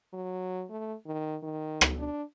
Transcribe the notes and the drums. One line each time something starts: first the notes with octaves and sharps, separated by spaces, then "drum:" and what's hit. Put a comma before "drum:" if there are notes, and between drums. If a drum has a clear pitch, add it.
F#3
A3
D#3
D#3
drum: rim click
D4